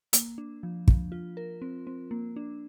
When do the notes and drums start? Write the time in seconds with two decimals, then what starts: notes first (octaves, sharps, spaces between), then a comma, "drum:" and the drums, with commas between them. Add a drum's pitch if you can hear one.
0.13 A#3, drum: hi-hat
0.38 D4
0.63 F3
0.88 F3, drum: kick
1.12 F4
1.37 A#4
1.62 C4
1.87 C4
2.11 A#3
2.36 D4